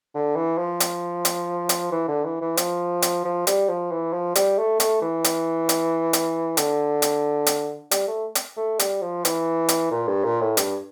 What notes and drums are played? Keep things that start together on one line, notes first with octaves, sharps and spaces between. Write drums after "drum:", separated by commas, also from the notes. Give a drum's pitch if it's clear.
D3
E3
F3
drum: hi-hat
drum: hi-hat
drum: hi-hat
E3
D3
E3
E3
F3, drum: hi-hat
drum: hi-hat
F3
G3, drum: hi-hat
F3
E3
F3
G3, drum: hi-hat
A3
A3, drum: hi-hat
E3
drum: hi-hat
drum: hi-hat
drum: hi-hat
D3, drum: hi-hat
drum: hi-hat
drum: hi-hat
G3, drum: hi-hat
A3
drum: hi-hat
A3
G3, drum: hi-hat
F3
E3, drum: hi-hat
drum: hi-hat
A#2
G2
A#2
A2
G2, drum: hi-hat